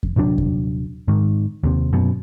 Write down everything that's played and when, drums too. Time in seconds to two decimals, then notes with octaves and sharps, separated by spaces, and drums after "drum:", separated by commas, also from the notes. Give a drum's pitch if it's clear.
0.03 drum: kick F2
0.16 D#1 C3 F#3 D4
0.38 drum: kick F2
1.08 G#2 D#3
1.64 D#2 C3
1.93 F#2 B2